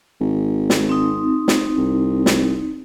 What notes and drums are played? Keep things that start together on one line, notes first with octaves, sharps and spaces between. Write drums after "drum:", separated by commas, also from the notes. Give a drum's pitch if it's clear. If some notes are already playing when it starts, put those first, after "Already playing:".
G#1
drum: snare
C4 D#4
drum: snare
C2
drum: snare